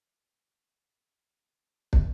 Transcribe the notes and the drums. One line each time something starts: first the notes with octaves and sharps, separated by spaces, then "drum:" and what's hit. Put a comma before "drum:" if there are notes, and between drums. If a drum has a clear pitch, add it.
A#4 E5 F#5
A#3 C4
A3 C#4 E4 F4 A5
E5 F#6
drum: kick